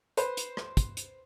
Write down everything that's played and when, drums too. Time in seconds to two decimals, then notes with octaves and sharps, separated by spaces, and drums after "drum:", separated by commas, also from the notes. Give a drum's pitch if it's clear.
0.17 B4 C5, drum: hi-hat
0.37 drum: hi-hat
0.57 drum: rim click
0.77 drum: kick, hi-hat
0.97 drum: hi-hat